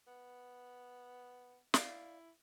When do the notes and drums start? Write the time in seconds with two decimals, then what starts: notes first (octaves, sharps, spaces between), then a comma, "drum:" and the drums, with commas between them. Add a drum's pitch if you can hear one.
0.07 B3
1.74 E4 D5 F5, drum: snare